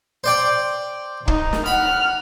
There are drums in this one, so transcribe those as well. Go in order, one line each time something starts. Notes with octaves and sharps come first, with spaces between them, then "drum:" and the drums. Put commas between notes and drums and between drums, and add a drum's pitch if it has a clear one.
C5 D5 G5
D#4, drum: kick
drum: snare
F#5 B5 F6